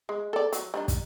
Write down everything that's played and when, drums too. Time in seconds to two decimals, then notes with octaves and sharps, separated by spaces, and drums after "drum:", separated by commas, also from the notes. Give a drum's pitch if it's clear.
0.09 G#3
0.33 A4 D5
0.52 F#3, drum: hi-hat
0.74 G3 D4 D#4
0.88 drum: kick, hi-hat